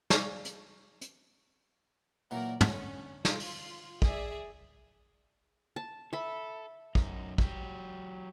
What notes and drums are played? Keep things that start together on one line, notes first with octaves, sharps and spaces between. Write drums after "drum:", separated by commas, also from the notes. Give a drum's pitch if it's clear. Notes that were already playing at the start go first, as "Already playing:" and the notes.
G#4 D5 F5 C#6, drum: snare
drum: hi-hat
drum: hi-hat
A#2 E3 F#3 A#4 D5
D3 C#4 A4 A5, drum: tom
F4, drum: snare
drum: open hi-hat
G#4 D5 E5, drum: kick
A5
A4 E5 B5
F#2 D#4, drum: kick
F#3 G4, drum: kick